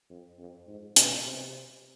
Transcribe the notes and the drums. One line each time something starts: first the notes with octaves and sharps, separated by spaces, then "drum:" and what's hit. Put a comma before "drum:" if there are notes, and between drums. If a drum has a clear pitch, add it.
F2
F2
G#2
B2, drum: hi-hat
C3